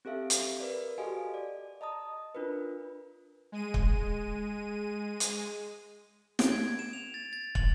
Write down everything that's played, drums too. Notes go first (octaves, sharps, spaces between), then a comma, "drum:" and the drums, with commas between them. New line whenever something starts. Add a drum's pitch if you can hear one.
C4 G4 A4 E5 F5
drum: hi-hat
A#4 B4 D5
F#4 G4 A4 D#5 F5 G#5
D5
D#5 A5 A#5 D#6
D4 F4 A#4 B4
G#3 D#7
drum: kick
drum: hi-hat
D7, drum: snare
G#6
G#6
E7
F7
A6
A6
F#7, drum: kick